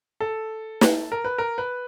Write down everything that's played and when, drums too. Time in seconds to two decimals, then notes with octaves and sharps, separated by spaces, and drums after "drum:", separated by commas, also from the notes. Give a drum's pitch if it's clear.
0.21 A4
0.81 drum: snare
1.12 A#4
1.24 B4
1.38 A#4
1.58 B4